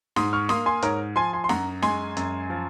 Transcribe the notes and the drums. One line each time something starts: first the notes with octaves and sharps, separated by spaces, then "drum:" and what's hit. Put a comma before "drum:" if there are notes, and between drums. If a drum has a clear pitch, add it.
G#2 C6 D#6, drum: snare
C#6 F6
A#3 C6 D#6, drum: snare
G#5 C6
G#2 A#4 C#5, drum: hi-hat
F3 G#5 C6
G#5 C6
C6
F#2 F#5 A#5, drum: snare
G#3 G#5 C6, drum: snare
F#2, drum: hi-hat
F3